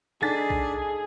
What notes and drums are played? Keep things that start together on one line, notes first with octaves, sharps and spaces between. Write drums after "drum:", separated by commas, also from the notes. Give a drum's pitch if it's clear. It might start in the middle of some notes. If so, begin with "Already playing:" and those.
D4 D#4 G#4 A4 G#5 A6 B6
drum: kick B1